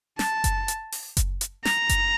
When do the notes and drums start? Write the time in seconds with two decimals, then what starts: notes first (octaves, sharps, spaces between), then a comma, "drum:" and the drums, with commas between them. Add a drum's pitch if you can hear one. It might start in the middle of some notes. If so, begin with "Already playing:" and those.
0.19 A5, drum: snare
0.44 drum: kick F#1, hi-hat
0.68 drum: hi-hat
0.92 drum: open hi-hat
1.17 drum: kick F#1, hi-hat
1.41 drum: hi-hat
1.65 A#5, drum: snare
1.89 drum: kick F#1, hi-hat